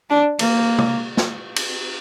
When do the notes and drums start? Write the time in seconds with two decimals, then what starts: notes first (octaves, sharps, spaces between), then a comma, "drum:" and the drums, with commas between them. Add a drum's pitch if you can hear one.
0.10 D4
0.39 A#3, drum: cymbal
0.78 drum: tom
1.17 drum: snare
1.56 drum: cymbal